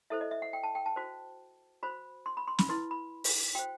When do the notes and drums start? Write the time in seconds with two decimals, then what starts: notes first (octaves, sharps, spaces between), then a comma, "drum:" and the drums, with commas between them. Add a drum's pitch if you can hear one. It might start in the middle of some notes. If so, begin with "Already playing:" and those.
0.10 E4 A4 C5 E5
0.21 D#5
0.31 E5
0.42 F#5
0.53 G5
0.63 A5
0.75 G5
0.86 A5
0.96 F#4 C5
1.83 F#4 C5 B5
2.26 C6
2.37 B5
2.47 C6
2.59 B5, drum: snare
2.69 E4 B4 C6
2.91 B5
3.24 drum: open hi-hat
3.55 F#4 C5 G5